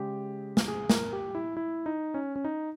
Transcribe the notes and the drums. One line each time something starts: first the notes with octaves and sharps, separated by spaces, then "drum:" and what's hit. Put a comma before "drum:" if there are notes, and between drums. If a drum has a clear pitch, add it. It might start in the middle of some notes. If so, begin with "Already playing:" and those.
Already playing: C#3 G#3 G4
drum: snare
G#4
A#4, drum: snare
G4
E4
E4
D#4
C#4
C#4
D#4